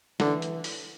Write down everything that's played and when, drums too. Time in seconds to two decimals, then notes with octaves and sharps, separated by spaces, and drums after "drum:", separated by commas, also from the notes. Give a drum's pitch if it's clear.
0.20 D3 E3, drum: snare
0.42 drum: hi-hat
0.64 drum: open hi-hat